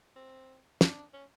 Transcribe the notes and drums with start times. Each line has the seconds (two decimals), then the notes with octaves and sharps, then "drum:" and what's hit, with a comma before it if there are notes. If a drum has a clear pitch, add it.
0.16 C4
0.81 D4, drum: snare
1.13 C#4